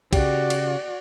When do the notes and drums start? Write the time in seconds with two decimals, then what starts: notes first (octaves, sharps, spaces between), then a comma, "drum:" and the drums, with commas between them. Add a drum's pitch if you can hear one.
0.13 C#3 F#4 G4 D5, drum: kick, cymbal
0.50 drum: cymbal